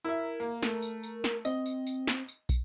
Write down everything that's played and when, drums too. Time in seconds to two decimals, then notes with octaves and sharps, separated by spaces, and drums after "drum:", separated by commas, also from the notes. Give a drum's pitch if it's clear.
0.04 E4 A#4 E5
0.40 A#3
0.63 A3, drum: snare
0.82 drum: tambourine
1.03 drum: tambourine
1.24 drum: snare
1.45 C4 D#5, drum: tambourine
1.66 drum: tambourine
1.87 drum: tambourine
2.07 drum: snare
2.28 drum: tambourine
2.49 drum: kick, tambourine